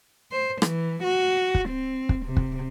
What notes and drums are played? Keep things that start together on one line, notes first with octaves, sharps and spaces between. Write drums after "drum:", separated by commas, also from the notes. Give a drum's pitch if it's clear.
C5
E3, drum: rim click
F#4
drum: kick
C4
drum: kick
C3
drum: kick